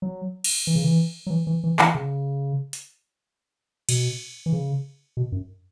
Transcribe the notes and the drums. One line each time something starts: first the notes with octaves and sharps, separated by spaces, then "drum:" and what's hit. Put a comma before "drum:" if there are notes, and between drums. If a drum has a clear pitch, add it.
F#3
drum: cymbal
E3
C#3
E3
F#3
E3
E3
E3
E3, drum: clap
C#3
drum: hi-hat
B2, drum: cymbal
E3
C#3
B2
F#2